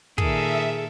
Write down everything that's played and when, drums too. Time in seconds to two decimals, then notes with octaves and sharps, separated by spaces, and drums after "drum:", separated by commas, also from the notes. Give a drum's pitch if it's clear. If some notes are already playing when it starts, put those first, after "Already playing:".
0.18 A#2 D#3 G#4 A4 E5, drum: kick